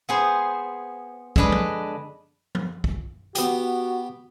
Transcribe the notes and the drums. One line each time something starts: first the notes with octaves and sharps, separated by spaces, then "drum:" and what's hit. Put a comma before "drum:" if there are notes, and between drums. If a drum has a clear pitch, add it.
B3 G#4 C5
D3 G#3 D4 B4 D#5, drum: kick
drum: tom F3
drum: tom F3
drum: kick
B3 F#4 G4, drum: hi-hat